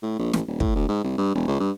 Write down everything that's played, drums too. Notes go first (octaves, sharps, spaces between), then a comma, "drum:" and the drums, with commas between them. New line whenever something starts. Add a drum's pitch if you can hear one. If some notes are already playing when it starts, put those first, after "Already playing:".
A2
A#1
A1, drum: snare
D#1
A2, drum: kick
D2
G#2
C2
G2
E1
C#2
G2